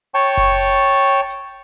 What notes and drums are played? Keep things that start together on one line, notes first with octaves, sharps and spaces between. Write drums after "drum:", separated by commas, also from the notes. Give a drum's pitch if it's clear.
C#5 G5 A5 C#6
drum: kick F#1, hi-hat
drum: open hi-hat
drum: hi-hat
drum: hi-hat